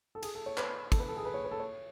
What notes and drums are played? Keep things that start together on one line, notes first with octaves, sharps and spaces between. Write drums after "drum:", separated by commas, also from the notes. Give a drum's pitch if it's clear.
A4
G#4, drum: cymbal
A4
C#5
B4, drum: clap
A4, drum: kick, cymbal
B4
A4
G#4
B4
C#5
B4
A4
C#5